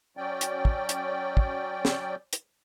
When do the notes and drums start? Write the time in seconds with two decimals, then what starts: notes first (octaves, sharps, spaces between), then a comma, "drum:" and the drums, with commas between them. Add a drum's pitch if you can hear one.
0.17 F#3 C#4 D5 G5
0.41 drum: hi-hat
0.65 drum: kick
0.89 drum: hi-hat
1.37 drum: kick
1.85 drum: snare
2.33 drum: hi-hat